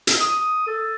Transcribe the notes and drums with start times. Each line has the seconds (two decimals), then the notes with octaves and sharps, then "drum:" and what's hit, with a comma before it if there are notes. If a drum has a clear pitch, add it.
0.07 drum: hi-hat
0.20 D#6
0.67 A4